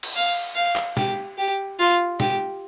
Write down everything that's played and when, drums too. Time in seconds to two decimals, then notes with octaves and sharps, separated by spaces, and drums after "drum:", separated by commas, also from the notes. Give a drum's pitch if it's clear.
0.03 drum: cymbal
0.16 F5
0.56 F5
0.76 drum: clap
0.97 G4, drum: snare
1.38 G4
1.79 F4
2.20 G4, drum: snare